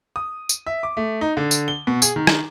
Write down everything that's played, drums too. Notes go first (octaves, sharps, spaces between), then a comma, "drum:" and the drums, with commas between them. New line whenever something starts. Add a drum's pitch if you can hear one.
D#6
drum: tambourine
E5
D6
A3
D#4
D3
drum: tambourine
G7
B2
G#4, drum: tambourine
D#3
drum: rim click